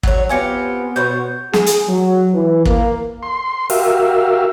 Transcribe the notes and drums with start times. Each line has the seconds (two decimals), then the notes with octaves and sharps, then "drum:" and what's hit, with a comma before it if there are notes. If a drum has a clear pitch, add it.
0.03 F#3 C#5, drum: kick
0.29 B3 C4 F4 G4 G#5 G#6 C#7
0.96 B2 C5 C#5 G6
1.53 G#4, drum: snare
1.66 drum: hi-hat
1.89 F#3
2.34 E3
2.65 A#3, drum: kick
3.23 C6
3.70 F#4 G4 A#4 E5 F5, drum: open hi-hat